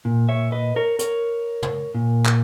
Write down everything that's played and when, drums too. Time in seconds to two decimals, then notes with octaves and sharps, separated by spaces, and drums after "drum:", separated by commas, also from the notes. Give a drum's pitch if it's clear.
0.05 A#2
0.29 C#5 E5
0.52 B4 D#5
0.76 A#4 C#5
0.99 A#4 C#5, drum: hi-hat
1.63 drum: tom
1.95 A#2
2.26 drum: clap